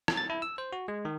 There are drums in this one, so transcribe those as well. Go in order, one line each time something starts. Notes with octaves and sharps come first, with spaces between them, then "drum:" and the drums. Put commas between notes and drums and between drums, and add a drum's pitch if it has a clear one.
drum: rim click
A6
E4
E6
C5
F#4
G#3
D#3